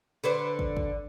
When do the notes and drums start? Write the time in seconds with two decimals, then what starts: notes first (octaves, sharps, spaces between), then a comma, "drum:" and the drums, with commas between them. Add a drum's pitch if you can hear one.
0.24 D3 B4 C5
0.59 drum: kick
0.77 drum: kick